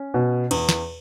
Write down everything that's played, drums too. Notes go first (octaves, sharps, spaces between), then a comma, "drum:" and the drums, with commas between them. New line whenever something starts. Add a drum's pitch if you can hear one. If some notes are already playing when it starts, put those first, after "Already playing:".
Already playing: C#4
B2
E2, drum: cymbal
drum: snare